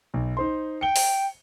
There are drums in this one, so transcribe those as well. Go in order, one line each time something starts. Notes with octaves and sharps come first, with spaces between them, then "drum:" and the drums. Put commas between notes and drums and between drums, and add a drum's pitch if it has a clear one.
B1
D#4 C5 C6
G5 C#7 G7
drum: open hi-hat